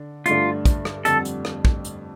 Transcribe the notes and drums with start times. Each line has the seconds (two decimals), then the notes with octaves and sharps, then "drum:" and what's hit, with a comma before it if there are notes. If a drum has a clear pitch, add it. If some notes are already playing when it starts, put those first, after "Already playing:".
Already playing: D3 D4
0.26 G2 D3 A3 D4 F4, drum: hi-hat
0.65 drum: kick, hi-hat
0.85 drum: rim click
1.05 F2 D3 G3 A4, drum: hi-hat
1.25 drum: hi-hat
1.45 drum: rim click
1.65 drum: kick
1.84 drum: hi-hat